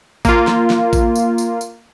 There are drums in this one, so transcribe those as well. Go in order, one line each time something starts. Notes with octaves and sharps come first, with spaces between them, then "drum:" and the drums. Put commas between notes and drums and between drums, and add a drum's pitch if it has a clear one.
A#3 F4, drum: kick A1, tambourine
drum: snare
drum: snare
drum: kick A1, tambourine
drum: tambourine
drum: tambourine
drum: tambourine